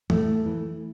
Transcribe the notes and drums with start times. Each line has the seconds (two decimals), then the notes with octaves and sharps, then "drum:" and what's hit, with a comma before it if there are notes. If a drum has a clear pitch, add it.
0.10 A2 A3, drum: tom
0.46 E3